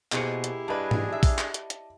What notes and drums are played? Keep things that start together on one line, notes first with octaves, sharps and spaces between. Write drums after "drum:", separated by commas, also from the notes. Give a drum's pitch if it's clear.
B2 A#3 E4 G4 G#4 C5 D#5 C#7, drum: clap
drum: hi-hat
G2 D4 G#4 B4 D5 D#5 A5
drum: tom G#2
E5
drum: kick A#1, open hi-hat
drum: clap
drum: hi-hat
drum: hi-hat